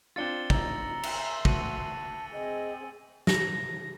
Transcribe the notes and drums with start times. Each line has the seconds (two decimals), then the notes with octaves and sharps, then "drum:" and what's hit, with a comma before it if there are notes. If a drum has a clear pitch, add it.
0.16 C4 D4 F4 A6 C#7 G7
0.50 D#4 A#5 E6 A#6, drum: kick
1.03 E5 C6, drum: cymbal
1.45 D2 F#4 A5 C#7 D#7 F#7, drum: kick
2.33 C4 G#4 D#5
3.27 A#6, drum: snare